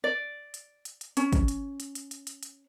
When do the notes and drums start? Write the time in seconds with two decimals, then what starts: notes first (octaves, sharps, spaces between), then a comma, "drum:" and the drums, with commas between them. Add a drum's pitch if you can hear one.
0.04 D5
0.54 drum: hi-hat
0.85 drum: hi-hat
1.01 drum: hi-hat
1.17 C#4, drum: hi-hat
1.33 drum: kick, hi-hat
1.48 drum: hi-hat
1.80 drum: hi-hat
1.95 drum: hi-hat
2.11 drum: hi-hat
2.27 drum: hi-hat
2.43 drum: hi-hat